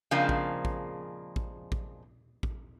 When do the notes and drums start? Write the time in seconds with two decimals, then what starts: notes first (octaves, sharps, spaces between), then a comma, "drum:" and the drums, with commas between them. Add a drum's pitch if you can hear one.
0.11 C#3 F3 G#3 A#3 C4 D4
0.29 drum: kick A1
0.65 drum: kick A1
1.36 drum: kick A1
1.72 drum: kick A1
2.43 drum: kick A1